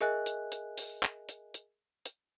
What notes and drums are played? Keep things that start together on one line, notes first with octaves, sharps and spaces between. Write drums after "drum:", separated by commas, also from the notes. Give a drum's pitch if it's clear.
G#4 A#4 D#5 E5 G#5 F#6
drum: hi-hat
drum: hi-hat
drum: open hi-hat
drum: clap
drum: hi-hat
drum: hi-hat
drum: hi-hat